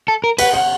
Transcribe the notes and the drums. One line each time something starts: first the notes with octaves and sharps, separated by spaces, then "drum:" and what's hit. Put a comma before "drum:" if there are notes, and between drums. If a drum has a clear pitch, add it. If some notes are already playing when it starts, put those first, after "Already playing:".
A4
A#4
B4 F#5, drum: cymbal
F#5